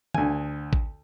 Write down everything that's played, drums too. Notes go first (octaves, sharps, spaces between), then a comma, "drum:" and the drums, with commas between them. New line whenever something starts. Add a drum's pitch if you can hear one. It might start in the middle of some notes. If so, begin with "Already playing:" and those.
D2 G#5, drum: tom D3
drum: kick A1